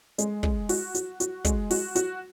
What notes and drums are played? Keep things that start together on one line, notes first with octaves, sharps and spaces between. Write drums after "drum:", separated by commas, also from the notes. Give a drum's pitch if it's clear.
G#3, drum: hi-hat
G#3, drum: kick
F#4, drum: open hi-hat
F#4, drum: hi-hat
F#4, drum: hi-hat
G#3, drum: kick, hi-hat
F#4, drum: open hi-hat
F#4, drum: hi-hat